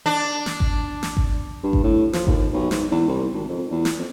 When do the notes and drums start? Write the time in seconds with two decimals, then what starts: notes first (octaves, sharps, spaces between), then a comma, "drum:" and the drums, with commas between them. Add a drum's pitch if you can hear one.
0.06 D4
0.46 drum: snare
0.60 drum: kick G#1
1.03 drum: snare
1.17 drum: kick G#1
1.63 G2
1.73 drum: kick G#1
1.83 A2
2.13 F3, drum: snare
2.27 D#2, drum: kick G#1
2.53 B1
2.71 G#2, drum: snare
2.91 E2
3.07 C2
3.33 G#1
3.49 F2
3.71 E2
3.85 drum: snare
3.99 F2